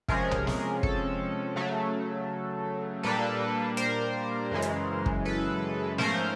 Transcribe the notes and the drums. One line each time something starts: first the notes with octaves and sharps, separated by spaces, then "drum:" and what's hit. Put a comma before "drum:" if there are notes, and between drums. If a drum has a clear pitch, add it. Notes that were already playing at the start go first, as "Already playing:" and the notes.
C3 F3 G#3 C#4 G#4 A#4, drum: kick
drum: tom B1
drum: snare
A4, drum: kick
C#3 F#3 A3
A#2 G3 A#3 D4 A4 B4
A#4 C5, drum: hi-hat
F#2 C#3 E3 G#3
drum: hi-hat
drum: kick
A4 B4
G#2 F3 A3 C#4 A#4 C5, drum: snare